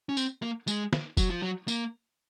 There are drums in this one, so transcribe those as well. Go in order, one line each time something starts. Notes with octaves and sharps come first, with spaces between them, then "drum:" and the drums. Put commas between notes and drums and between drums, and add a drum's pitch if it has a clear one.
C#4
C4, drum: tambourine
A#3
G#3, drum: tambourine
drum: snare
F#3, drum: kick F1, tambourine
F3
F#3
A#3, drum: tambourine